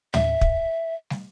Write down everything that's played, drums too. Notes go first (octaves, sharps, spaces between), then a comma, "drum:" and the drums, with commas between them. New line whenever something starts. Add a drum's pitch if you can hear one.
E5, drum: tom
drum: kick
drum: snare